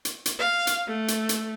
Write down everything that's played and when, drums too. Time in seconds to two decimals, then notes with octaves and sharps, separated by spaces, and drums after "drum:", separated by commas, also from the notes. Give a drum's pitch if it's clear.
0.05 drum: hi-hat
0.26 drum: hi-hat
0.39 F5
0.67 drum: hi-hat
0.88 A3
1.08 drum: hi-hat
1.29 drum: hi-hat